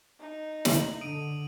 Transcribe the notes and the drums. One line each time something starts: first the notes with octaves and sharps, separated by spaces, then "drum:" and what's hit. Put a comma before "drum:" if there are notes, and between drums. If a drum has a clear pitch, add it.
D#4
F#7, drum: snare
D3 D#6 D7 D#7